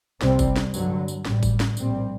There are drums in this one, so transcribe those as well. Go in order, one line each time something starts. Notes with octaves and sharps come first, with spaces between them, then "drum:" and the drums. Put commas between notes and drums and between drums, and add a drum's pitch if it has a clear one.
C2 C3 G3 C4, drum: snare
drum: kick G1, tambourine
drum: snare
G2 D3 F#3, drum: tambourine
drum: tambourine
A1 A2 G3, drum: snare
drum: kick G1, tambourine
drum: snare
A#1 A#2 G3 C4, drum: tambourine